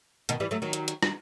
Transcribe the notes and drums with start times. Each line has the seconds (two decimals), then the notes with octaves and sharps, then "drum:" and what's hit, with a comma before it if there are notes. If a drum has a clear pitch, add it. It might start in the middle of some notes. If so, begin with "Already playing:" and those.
0.29 B2 D#3, drum: hi-hat
0.40 E3 G3
0.51 F#3 A3
0.62 D#3 F#3
0.73 drum: hi-hat
0.88 drum: hi-hat
1.03 drum: rim click